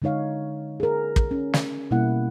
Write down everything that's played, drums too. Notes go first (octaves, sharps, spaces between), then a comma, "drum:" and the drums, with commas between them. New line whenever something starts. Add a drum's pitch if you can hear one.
D3 G#3 D#4 C#5 F5
G#4 A#4
drum: kick
C#4
drum: snare
B2 G3 A#3 E4 F#5